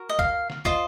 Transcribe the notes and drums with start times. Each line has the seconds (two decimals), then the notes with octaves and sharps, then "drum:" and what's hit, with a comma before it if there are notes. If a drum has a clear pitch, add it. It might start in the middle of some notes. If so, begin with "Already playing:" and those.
Already playing: F#4 A#4
0.09 D#5
0.19 F5, drum: kick
0.50 drum: snare
0.65 F4 C5 D#5, drum: kick